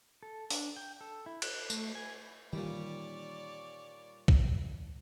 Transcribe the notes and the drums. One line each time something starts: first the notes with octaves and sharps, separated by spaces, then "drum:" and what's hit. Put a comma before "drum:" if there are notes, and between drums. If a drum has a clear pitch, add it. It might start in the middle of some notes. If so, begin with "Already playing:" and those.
A4
D4, drum: open hi-hat
G5
A4
E4
F#6, drum: cymbal
A3, drum: tambourine
G#5
A#2 D#3 E3 G3 A#3 C#5 D5
drum: kick